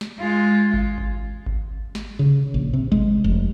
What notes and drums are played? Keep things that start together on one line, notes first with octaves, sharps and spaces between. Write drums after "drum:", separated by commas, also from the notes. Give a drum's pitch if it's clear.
drum: snare
G#3 F4
drum: kick G#1
drum: kick G#1
drum: kick G#1
drum: snare
C#3
A#1
C3
G#3, drum: kick G#1
F1